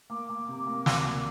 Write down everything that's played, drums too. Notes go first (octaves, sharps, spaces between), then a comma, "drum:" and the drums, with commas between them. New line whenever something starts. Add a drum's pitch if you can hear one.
A#3 D6
A#3
C3
A#3
D2, drum: snare
A#3